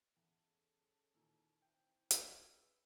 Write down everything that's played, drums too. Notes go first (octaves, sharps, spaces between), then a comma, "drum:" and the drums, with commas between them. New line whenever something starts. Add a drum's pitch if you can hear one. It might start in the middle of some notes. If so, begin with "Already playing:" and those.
E2 C#4 G#4 A4
D#2 A#2 E3
C4 E4 G5
drum: hi-hat
G#4 B4 E6 F6